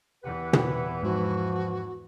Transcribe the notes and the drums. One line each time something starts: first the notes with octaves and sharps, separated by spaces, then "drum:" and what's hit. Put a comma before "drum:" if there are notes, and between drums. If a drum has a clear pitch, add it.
E2 E3 G4 B4 F#5
drum: tom
G#2 F3 F#4